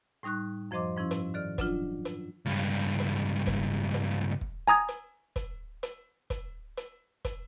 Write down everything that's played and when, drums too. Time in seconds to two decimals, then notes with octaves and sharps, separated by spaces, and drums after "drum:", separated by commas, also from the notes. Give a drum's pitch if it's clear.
0.23 A2 G3 D#4 C#6 F#6
0.71 F#2 F3 C5 D#5 C6 D6
0.97 G#2 F3 C#4 E4 C6
1.11 drum: hi-hat
1.34 D#3 A4 D5 F6
1.58 F#3 D4 F4, drum: kick, hi-hat
2.05 drum: hi-hat
2.46 C#2 G2
3.00 drum: hi-hat
3.47 drum: kick, hi-hat
3.94 drum: hi-hat
4.41 drum: kick
4.68 G#5 A#5 D#6 G#6
4.88 drum: hi-hat
5.36 drum: kick, hi-hat
5.83 drum: hi-hat
6.30 drum: kick, hi-hat
6.77 drum: hi-hat
7.25 drum: kick, hi-hat